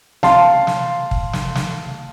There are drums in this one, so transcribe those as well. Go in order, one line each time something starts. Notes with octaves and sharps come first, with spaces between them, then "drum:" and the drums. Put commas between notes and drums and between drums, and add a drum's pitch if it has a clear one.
F5 A5 C6, drum: snare
drum: snare
drum: kick
drum: snare
drum: snare